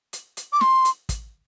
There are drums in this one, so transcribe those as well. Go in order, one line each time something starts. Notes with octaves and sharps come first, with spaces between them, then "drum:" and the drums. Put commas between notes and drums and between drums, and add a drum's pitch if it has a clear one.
drum: hi-hat
drum: hi-hat
D6
C6, drum: snare
drum: hi-hat
drum: kick, hi-hat